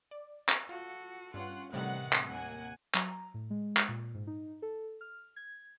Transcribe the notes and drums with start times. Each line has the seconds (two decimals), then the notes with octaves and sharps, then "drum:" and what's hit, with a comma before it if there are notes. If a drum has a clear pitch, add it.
0.11 D5
0.49 drum: clap
0.69 F4 F#4 A4
1.34 G2 C#4 F4 F#5
1.73 A2 C3 D#3 E3 G3 F#5
2.13 drum: clap
2.28 D#2 A#3 A#4 F#5 G#5
2.94 F#3, drum: clap
3.08 A#5
3.34 A2
3.50 G#3
3.77 drum: clap
3.89 A#2
4.14 G#2
4.27 D#4
4.62 A4
5.01 F6
5.36 G#6